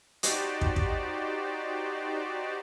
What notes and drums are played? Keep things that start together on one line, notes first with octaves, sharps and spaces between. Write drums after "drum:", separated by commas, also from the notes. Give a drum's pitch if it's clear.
D#4 F#4 G4 C5 D5, drum: hi-hat
drum: kick
drum: kick